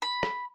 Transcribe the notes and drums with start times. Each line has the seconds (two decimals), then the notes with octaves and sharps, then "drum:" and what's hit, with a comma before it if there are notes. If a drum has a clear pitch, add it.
0.02 B5
0.23 drum: rim click